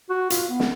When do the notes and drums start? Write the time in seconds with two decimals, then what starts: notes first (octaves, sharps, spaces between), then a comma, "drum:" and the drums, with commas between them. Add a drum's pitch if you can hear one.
0.10 F#4
0.30 F4, drum: hi-hat
0.49 B3
0.60 drum: snare